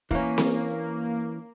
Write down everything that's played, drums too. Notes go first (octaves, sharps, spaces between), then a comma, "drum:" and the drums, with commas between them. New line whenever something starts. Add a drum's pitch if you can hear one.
E3 A#3 C#4, drum: kick F1
drum: snare C4